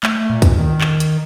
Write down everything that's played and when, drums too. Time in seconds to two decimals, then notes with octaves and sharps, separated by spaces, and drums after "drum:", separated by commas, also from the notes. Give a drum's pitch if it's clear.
0.03 A3, drum: clap
0.30 A#2
0.42 drum: kick, hi-hat
0.58 D#3
0.81 drum: clap
1.00 drum: hi-hat